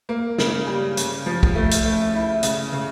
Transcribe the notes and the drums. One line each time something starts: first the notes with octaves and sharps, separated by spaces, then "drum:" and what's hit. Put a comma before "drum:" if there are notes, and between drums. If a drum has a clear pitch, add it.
A#3
C#3, drum: snare
G3
C#3, drum: hi-hat
F3
drum: kick
A3
drum: hi-hat
A3
E4
C#3, drum: hi-hat
C#3